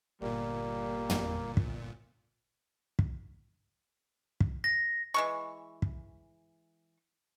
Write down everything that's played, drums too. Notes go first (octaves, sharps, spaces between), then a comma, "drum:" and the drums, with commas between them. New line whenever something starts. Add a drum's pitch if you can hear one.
G1 A#2 G3 A#3
drum: tom
drum: kick
drum: kick
drum: kick
A#6
E3 G#3 C#6
drum: kick